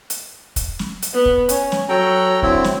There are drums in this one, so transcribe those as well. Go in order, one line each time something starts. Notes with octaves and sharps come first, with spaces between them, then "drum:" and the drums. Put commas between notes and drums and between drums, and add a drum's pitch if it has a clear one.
drum: hi-hat
drum: kick, hi-hat
drum: snare
drum: hi-hat
B3
drum: kick
C#4, drum: hi-hat
drum: snare
F#3 A4 G5 A#5
D3 C4 E4, drum: kick
drum: snare